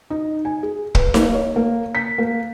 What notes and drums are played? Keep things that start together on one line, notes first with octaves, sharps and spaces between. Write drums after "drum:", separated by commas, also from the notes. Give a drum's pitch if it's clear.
D#4
G#5
G#4
B4, drum: kick
A#3, drum: snare D#4
C#5
A#3
B6
A#3